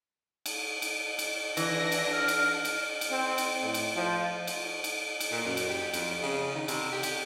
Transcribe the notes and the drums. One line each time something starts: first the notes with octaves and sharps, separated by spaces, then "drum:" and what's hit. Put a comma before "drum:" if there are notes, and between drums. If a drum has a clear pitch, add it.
drum: cymbal
drum: cymbal
drum: cymbal
E3 D4 A#6, drum: cymbal
drum: cymbal
F6
drum: cymbal
drum: cymbal
drum: cymbal
C4
drum: cymbal
A2
drum: cymbal
F3
drum: cymbal
drum: cymbal
drum: cymbal
A#2
F#2
drum: cymbal
G4
F2, drum: cymbal
C#3
D#3
C3, drum: cymbal
G4
drum: cymbal